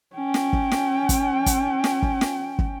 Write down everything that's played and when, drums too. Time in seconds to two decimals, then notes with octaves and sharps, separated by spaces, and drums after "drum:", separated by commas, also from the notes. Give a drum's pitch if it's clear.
0.15 C#4 G5
0.34 drum: snare
0.53 drum: kick
0.72 drum: snare
1.09 drum: kick, hi-hat
1.46 drum: kick, hi-hat
1.84 drum: snare
2.02 drum: kick
2.21 drum: snare
2.59 drum: kick